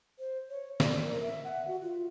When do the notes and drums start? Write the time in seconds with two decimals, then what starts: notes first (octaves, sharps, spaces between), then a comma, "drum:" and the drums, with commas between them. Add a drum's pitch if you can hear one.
0.19 C5
0.50 C#5
0.80 D5, drum: snare
1.03 A#4
1.22 E5
1.44 F#5
1.68 F#4
1.82 F4